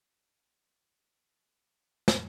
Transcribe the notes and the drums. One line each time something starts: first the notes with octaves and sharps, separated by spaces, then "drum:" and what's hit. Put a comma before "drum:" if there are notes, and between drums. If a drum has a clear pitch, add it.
C#5 F5
drum: snare